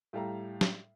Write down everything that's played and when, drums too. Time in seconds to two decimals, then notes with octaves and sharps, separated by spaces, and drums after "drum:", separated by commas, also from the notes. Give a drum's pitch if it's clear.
0.13 A2 G3 A4 F5 G5 A#5
0.61 drum: snare